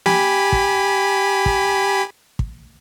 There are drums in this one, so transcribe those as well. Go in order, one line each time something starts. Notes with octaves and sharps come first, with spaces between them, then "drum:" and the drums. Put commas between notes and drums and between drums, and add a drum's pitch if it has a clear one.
G4 G#5 B5, drum: snare
drum: kick
drum: kick
drum: kick